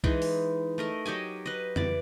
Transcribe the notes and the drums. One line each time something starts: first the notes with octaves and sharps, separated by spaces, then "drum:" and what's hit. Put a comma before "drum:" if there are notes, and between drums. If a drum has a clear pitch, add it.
E3 G#3 D#4, drum: kick C2
drum: open hi-hat
A3 A#4 D#5
F#3 G4 D#5 G#5
B4 D#5
E3 D5, drum: tom